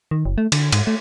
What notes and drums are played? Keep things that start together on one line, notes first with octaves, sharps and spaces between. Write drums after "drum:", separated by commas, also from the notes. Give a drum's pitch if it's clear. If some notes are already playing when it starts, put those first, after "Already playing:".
D#3
F#1
A3
D3, drum: cymbal
G#2, drum: cymbal
A3